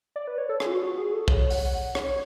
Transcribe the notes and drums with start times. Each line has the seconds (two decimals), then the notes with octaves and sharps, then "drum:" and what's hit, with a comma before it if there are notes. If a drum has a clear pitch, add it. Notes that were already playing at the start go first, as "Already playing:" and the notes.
0.16 D5
0.28 B4
0.38 C#5
0.49 A4
0.60 G#4, drum: rim click
0.66 F4
0.71 F#4
0.83 F#4
0.98 G#4
1.13 A4
1.28 C#5, drum: kick
1.50 F#5, drum: open hi-hat
1.95 C#5, drum: rim click